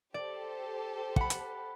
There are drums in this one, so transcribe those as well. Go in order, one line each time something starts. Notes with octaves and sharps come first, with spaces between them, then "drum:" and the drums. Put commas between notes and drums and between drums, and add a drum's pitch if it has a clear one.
G4 A4 C5 D5
F#5 B5, drum: kick
drum: hi-hat